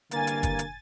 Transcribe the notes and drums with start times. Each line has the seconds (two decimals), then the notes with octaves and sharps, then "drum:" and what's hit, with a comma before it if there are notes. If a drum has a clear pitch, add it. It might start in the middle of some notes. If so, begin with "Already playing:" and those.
0.11 C2 G2 D3 A#3 G#5 A6, drum: hi-hat
0.27 drum: hi-hat
0.43 drum: kick, hi-hat
0.59 drum: hi-hat